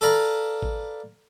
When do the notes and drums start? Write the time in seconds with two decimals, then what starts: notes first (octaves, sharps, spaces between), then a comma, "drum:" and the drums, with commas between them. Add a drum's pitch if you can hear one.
0.01 A4 B4 D5 F5 A#5
0.62 drum: kick G#1